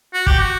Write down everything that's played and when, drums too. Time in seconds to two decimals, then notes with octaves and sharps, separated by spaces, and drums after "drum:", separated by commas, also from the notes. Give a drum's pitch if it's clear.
0.14 F#4
0.27 G4, drum: kick
0.40 F#4